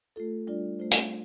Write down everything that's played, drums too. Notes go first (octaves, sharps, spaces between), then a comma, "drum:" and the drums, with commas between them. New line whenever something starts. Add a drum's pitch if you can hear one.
A3 F4 A4
G3 D4 F4 D5
A3 F4 C5
drum: hi-hat